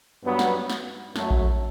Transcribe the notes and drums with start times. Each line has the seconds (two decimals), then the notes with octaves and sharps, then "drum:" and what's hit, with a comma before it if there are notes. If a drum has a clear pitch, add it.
0.23 G2 F#3 B3
0.39 drum: snare
0.70 drum: snare
1.16 F#2 F#3 A3, drum: snare
1.31 drum: kick A#1